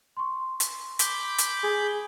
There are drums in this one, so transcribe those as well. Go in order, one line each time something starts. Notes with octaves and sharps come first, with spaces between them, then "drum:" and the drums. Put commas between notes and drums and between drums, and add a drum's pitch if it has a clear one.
C6 C#6
drum: hi-hat
B5 D6 G6, drum: hi-hat
drum: hi-hat
G#4